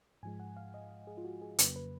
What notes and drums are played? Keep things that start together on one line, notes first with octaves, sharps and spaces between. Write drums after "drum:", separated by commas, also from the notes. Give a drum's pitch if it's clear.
G#2 F3 G#3 G#5
F#5
F5
D#5
G#4
F4
F#4
G#4
F2 C#3 F#3 A#3 B4, drum: hi-hat
B4